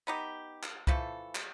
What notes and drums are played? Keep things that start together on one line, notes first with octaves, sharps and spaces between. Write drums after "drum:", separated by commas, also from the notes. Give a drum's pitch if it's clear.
B3 D#4 G4
drum: clap
E3 F3 A3 A4, drum: kick
drum: clap